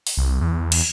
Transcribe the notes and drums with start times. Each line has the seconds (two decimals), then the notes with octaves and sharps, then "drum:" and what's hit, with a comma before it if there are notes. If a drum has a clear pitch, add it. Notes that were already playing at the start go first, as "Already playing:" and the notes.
0.07 drum: open hi-hat
0.17 C2
0.41 E2
0.72 drum: cymbal